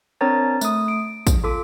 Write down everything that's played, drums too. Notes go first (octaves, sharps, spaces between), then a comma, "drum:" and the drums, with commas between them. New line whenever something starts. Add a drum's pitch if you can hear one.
C4 D4 A#4 C#5 A#5 A6
A3 D#6, drum: tambourine
D7
drum: kick, tambourine
F4 A4 D6